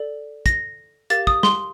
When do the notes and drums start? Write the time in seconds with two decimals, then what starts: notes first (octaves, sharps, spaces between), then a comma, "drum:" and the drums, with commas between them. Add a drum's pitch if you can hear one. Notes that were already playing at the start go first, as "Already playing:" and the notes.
Already playing: A4 D5
0.46 A#6, drum: kick, hi-hat
1.10 G4 A#4 F5 A6, drum: hi-hat
1.27 D#6, drum: kick
1.43 C6, drum: snare